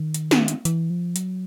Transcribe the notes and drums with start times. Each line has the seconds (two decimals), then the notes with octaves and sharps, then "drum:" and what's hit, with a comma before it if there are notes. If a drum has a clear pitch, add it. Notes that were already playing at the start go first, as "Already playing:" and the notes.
Already playing: D#3
0.14 drum: hi-hat
0.31 drum: snare
0.48 drum: hi-hat
0.65 E3, drum: hi-hat
0.90 F3
1.16 F#3, drum: hi-hat